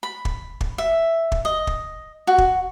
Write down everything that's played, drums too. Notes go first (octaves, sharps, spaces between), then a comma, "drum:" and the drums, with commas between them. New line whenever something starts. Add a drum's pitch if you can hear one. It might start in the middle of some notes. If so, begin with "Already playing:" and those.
B5
drum: kick
drum: kick
E5
drum: kick
D#5
drum: kick
F#4
drum: kick